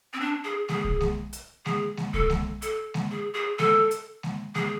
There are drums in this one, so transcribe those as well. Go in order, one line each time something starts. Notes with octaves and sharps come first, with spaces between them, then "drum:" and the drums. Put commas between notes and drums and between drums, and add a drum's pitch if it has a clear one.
C4
D4
G#4
G#4, drum: snare G#3
drum: kick
drum: snare G#3
drum: hi-hat
G#4, drum: snare G#3
drum: snare G#3
A4, drum: kick
drum: snare G#3
A4, drum: hi-hat
drum: snare G#3
G#4
G#4
A4, drum: snare G#3
drum: hi-hat
drum: snare G#3
G#4, drum: snare G#3